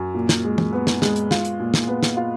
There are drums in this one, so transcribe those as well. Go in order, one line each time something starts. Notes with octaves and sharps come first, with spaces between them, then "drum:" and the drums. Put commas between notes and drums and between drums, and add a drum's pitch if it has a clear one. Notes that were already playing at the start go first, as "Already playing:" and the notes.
Already playing: F#2
A#2
drum: snare
G#3
drum: tom
B3
drum: snare
G#3, drum: snare
drum: hi-hat
F4, drum: snare
drum: hi-hat
A#2
drum: snare
B3
drum: snare
F4